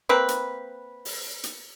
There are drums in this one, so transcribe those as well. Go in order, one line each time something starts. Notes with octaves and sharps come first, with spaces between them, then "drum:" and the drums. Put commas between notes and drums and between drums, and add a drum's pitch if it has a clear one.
A#3 C4 B4
drum: hi-hat
drum: open hi-hat
drum: hi-hat